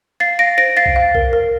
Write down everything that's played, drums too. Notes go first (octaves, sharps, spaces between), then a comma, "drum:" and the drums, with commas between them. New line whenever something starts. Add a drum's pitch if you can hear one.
F5 A6 C7
F5 A#6 D7
C5 A#6 D7
F5 A6 C7
drum: kick B1
F5
A#4, drum: kick B1
A#4